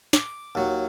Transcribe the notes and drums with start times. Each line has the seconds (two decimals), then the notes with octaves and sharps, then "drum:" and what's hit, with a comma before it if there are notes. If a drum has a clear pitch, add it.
0.13 D6, drum: snare
0.55 D#2 F#3